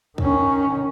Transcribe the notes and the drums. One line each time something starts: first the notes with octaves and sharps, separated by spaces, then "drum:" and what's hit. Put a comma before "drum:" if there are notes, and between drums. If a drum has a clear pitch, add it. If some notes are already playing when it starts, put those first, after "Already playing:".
D#3 C#4, drum: kick